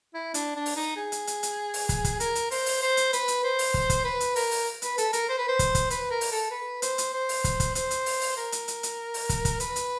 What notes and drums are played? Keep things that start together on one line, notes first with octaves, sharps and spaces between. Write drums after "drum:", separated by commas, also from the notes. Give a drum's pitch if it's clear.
E4
D4, drum: hi-hat
D4
drum: open hi-hat
D#4
G#4
drum: hi-hat
drum: hi-hat
drum: hi-hat
drum: open hi-hat
drum: kick, hi-hat
drum: kick, hi-hat
A#4, drum: hi-hat
drum: hi-hat
C5, drum: open hi-hat
drum: open hi-hat
C5
drum: hi-hat
B4, drum: hi-hat
drum: hi-hat
C5
drum: open hi-hat
drum: kick
drum: kick, hi-hat
B4
drum: hi-hat
A#4, drum: open hi-hat
drum: open hi-hat
B4, drum: hi-hat
A4, drum: hi-hat
A#4, drum: hi-hat
C5
B4
C5
drum: kick, hi-hat
drum: kick, hi-hat
B4, drum: hi-hat
A#4
drum: open hi-hat
A4
B4
C5, drum: hi-hat
drum: hi-hat
C5
drum: open hi-hat
drum: kick, hi-hat
drum: kick, hi-hat
C5, drum: hi-hat
drum: hi-hat
drum: open hi-hat
drum: open hi-hat
A#4
drum: hi-hat
drum: hi-hat
drum: hi-hat
drum: open hi-hat
drum: kick, hi-hat
drum: kick, hi-hat
B4, drum: hi-hat
drum: hi-hat